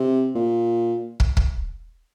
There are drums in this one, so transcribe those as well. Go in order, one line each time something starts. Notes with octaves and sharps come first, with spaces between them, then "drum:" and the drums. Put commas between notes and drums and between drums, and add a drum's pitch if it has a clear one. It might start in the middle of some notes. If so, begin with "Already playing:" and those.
Already playing: C3
A#2
drum: kick
drum: kick